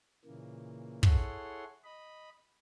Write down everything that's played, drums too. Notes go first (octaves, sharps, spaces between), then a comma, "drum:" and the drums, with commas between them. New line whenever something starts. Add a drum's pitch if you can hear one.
A#2 C#3 E3 A#3
E4 G#4 A4 C#5 F#5 C6, drum: kick
D#5 B5